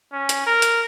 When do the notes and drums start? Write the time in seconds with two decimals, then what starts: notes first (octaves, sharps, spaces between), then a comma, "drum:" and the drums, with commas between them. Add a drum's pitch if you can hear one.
0.13 C#4
0.29 drum: hi-hat
0.46 A#4
0.62 drum: hi-hat